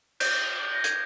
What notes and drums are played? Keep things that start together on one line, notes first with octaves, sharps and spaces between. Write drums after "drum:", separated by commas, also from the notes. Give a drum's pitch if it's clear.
G6, drum: cymbal
A#6
G#6, drum: hi-hat